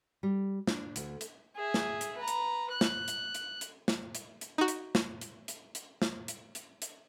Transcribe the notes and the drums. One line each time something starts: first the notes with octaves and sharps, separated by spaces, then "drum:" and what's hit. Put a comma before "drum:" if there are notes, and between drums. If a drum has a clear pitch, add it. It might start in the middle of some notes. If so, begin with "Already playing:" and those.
G3
D4, drum: snare
D2, drum: hi-hat
drum: hi-hat
G#4 E5
drum: snare
drum: hi-hat
B4 A#5
drum: hi-hat
F#6
drum: snare
drum: hi-hat
drum: hi-hat
drum: hi-hat
drum: snare
drum: hi-hat
drum: hi-hat
D#4 F#4
drum: hi-hat
drum: snare
drum: hi-hat
drum: hi-hat
drum: hi-hat
drum: snare
drum: hi-hat
drum: hi-hat
drum: hi-hat